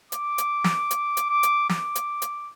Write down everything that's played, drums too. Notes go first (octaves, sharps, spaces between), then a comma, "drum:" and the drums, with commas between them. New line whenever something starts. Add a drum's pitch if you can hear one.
D6, drum: hi-hat
drum: hi-hat
drum: snare
drum: hi-hat
drum: hi-hat
D6
drum: hi-hat
D6, drum: snare
drum: hi-hat
drum: hi-hat